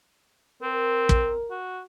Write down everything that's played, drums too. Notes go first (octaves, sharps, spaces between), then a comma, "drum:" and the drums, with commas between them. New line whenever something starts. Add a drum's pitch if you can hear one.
C4 A#4
drum: kick
F#4